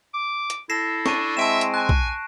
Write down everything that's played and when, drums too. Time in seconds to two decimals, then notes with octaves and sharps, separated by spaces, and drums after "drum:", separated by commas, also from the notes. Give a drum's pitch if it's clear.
0.14 D6
0.50 drum: hi-hat
0.70 E4 A4 A#6 C7 E7
1.06 D4 C#6 D#7, drum: snare
1.37 G#3 C4 E5 A5 D7 E7
1.61 drum: hi-hat
1.74 G#5 F#6
1.89 drum: kick